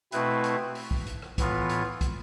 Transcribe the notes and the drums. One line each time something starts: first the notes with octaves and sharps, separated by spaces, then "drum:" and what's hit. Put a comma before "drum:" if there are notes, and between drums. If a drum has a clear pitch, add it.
B2 A3 C4 E4 B4, drum: hi-hat
drum: hi-hat
drum: open hi-hat
drum: kick
drum: hi-hat
drum: rim click
A2 E3 B3 F4, drum: kick, hi-hat
drum: hi-hat
drum: kick, hi-hat